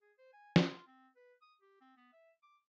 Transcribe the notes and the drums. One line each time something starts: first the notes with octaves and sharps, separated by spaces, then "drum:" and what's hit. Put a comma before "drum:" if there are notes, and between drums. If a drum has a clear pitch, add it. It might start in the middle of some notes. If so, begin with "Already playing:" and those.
G#4
C5
G#5
drum: snare
F4
C4
B4
D#6
G4
C4
B3
E5
D6